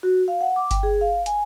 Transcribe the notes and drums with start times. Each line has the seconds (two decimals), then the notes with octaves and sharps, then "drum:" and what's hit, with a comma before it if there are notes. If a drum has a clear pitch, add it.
0.03 F#4
0.28 F5
0.41 F#5
0.56 D6
0.71 G5, drum: kick G1, hi-hat
0.83 G#4
1.01 F5
1.26 G#5, drum: hi-hat